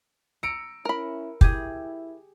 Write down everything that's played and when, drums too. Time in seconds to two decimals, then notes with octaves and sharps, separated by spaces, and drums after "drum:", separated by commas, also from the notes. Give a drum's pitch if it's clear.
0.43 A#5 E6 C#7 D7
0.85 C#4 E4 A#4 B5
1.41 E4 G4 G#4 G#5, drum: kick